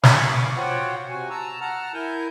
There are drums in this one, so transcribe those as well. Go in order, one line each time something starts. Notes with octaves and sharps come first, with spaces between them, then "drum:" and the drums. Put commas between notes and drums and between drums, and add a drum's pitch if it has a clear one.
F5 G#5 B5 C#6 D6, drum: snare
F4 F#4 C5 C#5 F#5 G5
C3 F#4 G#5
A5 A#5 E6
F#5 A5 A#5 F6
E4 A#4 G#5 G6